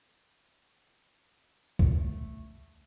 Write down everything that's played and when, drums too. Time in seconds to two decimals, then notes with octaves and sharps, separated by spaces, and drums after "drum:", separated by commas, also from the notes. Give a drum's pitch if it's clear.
1.79 A3, drum: kick C2